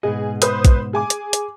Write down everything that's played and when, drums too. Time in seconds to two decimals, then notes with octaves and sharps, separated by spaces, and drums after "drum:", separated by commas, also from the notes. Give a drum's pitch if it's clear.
0.03 G#2 B2 G#4 D#5
0.42 B4 C5 D#6, drum: hi-hat
0.65 drum: kick A#1, hi-hat
0.93 G#4 G#5 D6
1.10 drum: hi-hat
1.33 drum: hi-hat